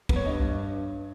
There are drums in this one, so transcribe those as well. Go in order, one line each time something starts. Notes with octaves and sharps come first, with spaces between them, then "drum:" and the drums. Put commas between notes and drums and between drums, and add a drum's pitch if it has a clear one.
B3, drum: kick
C#5
G2 D#5
G2